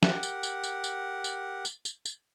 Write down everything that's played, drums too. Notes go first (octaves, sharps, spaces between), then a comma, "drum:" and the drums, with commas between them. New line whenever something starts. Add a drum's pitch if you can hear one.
G4 A#4 F#5, drum: snare
drum: tambourine
drum: tambourine
drum: tambourine
drum: tambourine
drum: tambourine
drum: tambourine
drum: tambourine
drum: tambourine